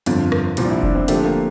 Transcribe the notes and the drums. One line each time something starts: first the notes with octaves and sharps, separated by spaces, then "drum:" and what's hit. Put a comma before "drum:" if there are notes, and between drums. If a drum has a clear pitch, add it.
G1 F2 D3 F4, drum: hi-hat
drum: rim click
C2 A#2 F3 E4, drum: hi-hat
D4
E4
D4, drum: kick F1
C4
D3 F3 A3 A#3 D4 G4, drum: hi-hat
A#3